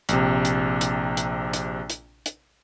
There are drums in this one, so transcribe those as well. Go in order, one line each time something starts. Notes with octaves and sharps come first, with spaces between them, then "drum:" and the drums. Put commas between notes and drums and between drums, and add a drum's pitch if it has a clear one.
A#1 C3, drum: hi-hat
drum: hi-hat
drum: hi-hat
drum: hi-hat
drum: hi-hat
drum: hi-hat
drum: hi-hat